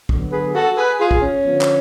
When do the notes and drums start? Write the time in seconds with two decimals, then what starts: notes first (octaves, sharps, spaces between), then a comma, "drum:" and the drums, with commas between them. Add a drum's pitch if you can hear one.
0.09 D3 F#3 B3, drum: kick
0.32 G#4 B4
0.54 F#4 A4
0.77 G#4 B4
0.99 F4 G#4
1.11 drum: kick
1.22 C#4
1.44 D3 F3 B3
1.61 drum: clap